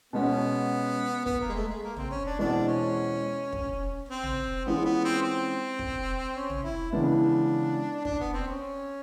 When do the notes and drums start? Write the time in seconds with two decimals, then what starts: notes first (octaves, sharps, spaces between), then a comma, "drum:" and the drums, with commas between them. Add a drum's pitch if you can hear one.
0.13 B2 G#3 B3 C#4
1.26 B3, drum: kick
1.41 A#3
1.49 G#3
1.55 A3
1.69 G#3
1.83 A#3
1.96 C4, drum: tom
2.11 C#4
2.26 D4
2.39 E2 B2 G#3 C4 D4
2.68 C#4
3.53 drum: kick
4.09 C4
4.23 drum: tom
4.66 E3 G#3 B3 C#4 F4 G#4
4.85 B3
5.04 C4
5.22 C4
5.79 drum: kick
6.36 C#4
6.50 drum: tom
6.64 E4
6.92 C#3 E3 G#3 B3 D4
8.05 D4, drum: kick
8.20 B3
8.34 C4
8.48 C#4